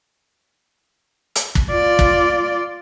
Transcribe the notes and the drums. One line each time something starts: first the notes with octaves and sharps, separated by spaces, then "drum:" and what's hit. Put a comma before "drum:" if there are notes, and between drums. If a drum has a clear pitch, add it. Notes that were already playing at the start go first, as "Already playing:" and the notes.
drum: hi-hat
drum: kick
F4 D5
drum: kick